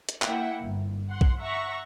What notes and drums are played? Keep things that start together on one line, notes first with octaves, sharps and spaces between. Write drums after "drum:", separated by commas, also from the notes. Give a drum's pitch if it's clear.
drum: hi-hat
A#3 E4 E5 F#5 G5, drum: clap
G1
F#5 C6
drum: kick B1
E5 F#5 A#5 C#6